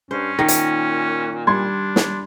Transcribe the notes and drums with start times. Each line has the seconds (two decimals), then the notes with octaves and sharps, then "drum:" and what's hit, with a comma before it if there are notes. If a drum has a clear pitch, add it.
0.11 G2 C#4 C5
0.39 A#2 D#3 A#6
0.48 drum: hi-hat
1.47 G3 D4 C6 G#6
1.96 drum: snare